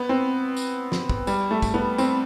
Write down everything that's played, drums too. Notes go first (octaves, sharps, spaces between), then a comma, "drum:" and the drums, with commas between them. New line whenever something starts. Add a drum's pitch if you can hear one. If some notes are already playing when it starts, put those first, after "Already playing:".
Already playing: B3
C4
drum: tambourine
drum: snare
drum: kick
G3, drum: tambourine
A3
drum: kick, tambourine
B3
C4, drum: tambourine